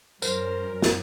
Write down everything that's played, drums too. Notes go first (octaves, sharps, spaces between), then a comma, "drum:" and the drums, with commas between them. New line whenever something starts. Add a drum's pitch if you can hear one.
F#2 A#4 C5, drum: tambourine
drum: snare